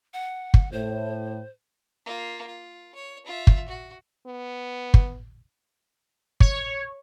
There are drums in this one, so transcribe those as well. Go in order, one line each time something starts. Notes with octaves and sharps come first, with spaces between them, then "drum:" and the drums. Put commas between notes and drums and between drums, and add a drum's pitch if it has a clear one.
F#5
drum: kick
A2 C5
A#3 F4
F4
C#5
F4 E5
drum: kick
F#4
B3
drum: kick
C#5, drum: kick